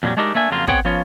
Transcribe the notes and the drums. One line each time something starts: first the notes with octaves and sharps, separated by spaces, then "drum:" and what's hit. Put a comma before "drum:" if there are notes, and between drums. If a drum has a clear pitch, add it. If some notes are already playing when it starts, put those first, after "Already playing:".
F2 A#2 D3 F#3 G3
G#3 A3 D4 D#4 G4 A#4
A3 A#3 D4 E5 G#5
F2 C#3 F#3 A#3 F4
B3 C4 G#4 C#5 F#5 G5, drum: kick
F3 B3 C#4 F4 C#5